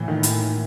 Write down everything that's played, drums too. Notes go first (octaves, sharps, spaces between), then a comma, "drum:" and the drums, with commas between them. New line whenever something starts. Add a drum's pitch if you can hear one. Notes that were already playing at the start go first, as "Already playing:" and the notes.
Already playing: A2 E3
D#3
drum: hi-hat